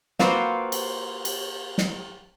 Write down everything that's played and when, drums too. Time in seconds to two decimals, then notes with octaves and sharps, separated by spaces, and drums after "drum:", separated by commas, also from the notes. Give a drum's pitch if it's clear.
0.19 A#3 C4 F4 F#4 B4 C5, drum: snare
0.72 drum: cymbal
1.25 drum: cymbal
1.78 drum: snare